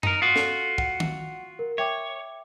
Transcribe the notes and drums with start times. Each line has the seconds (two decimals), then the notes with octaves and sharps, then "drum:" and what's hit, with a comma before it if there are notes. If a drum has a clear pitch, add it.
0.03 D#4 A#4, drum: tom F#2
0.22 F4 F#4 D#6
0.36 A4, drum: snare
0.78 F#5 C#7, drum: kick
1.00 drum: tom
1.59 A#4
1.78 C#5 E5 G5 D6